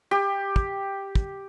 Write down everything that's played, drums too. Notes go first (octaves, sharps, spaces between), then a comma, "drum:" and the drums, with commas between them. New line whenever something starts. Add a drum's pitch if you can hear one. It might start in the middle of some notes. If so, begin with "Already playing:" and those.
G4
drum: kick
drum: kick